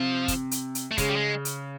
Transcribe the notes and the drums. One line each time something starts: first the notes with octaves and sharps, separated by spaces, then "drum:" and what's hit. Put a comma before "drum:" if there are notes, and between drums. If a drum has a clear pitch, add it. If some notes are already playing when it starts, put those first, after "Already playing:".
Already playing: C3 F3
drum: kick, hi-hat
drum: hi-hat
drum: hi-hat
A3
C#3 G#3, drum: kick, hi-hat
G3
G#3
drum: hi-hat